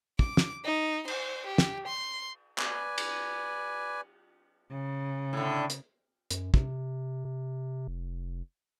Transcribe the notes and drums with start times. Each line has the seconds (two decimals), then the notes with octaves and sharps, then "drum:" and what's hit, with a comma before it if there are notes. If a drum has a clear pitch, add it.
0.19 D6, drum: kick
0.37 drum: snare
0.65 D#4
1.08 C5, drum: cymbal
1.47 G4
1.58 drum: snare
1.87 C6
2.58 B4 D5 G#5, drum: clap
2.98 drum: cymbal
4.71 C#3
5.33 A2 D3
5.70 drum: hi-hat
6.31 F#2, drum: hi-hat
6.54 C3, drum: kick
7.25 C3
7.87 F1